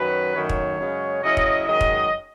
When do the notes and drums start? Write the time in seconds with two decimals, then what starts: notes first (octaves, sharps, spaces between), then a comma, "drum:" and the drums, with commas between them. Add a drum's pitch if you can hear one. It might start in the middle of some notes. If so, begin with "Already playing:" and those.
Already playing: F#2 D#3 F#3 C#4 B4
0.34 F#2 D#3 A3 C#5
0.49 drum: kick
0.79 F#2 C#3 G#3 C#4
1.22 C#3 F#3 C#4 E4 D#5
1.37 drum: kick
1.66 F#2 D#3 G#3 D#5
1.81 drum: kick